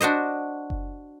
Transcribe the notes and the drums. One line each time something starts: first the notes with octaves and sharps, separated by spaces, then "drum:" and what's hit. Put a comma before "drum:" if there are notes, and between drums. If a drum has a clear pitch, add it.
D4 F#4 C5 D#5
drum: kick F#1